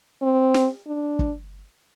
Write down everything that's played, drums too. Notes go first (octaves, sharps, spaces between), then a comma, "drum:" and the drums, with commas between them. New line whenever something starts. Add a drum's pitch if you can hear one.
C4
drum: snare
D4
drum: kick